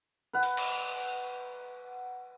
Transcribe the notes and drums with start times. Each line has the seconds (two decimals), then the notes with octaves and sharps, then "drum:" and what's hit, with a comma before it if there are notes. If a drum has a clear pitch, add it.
0.33 B4 F#5
0.43 drum: hi-hat
0.57 drum: cymbal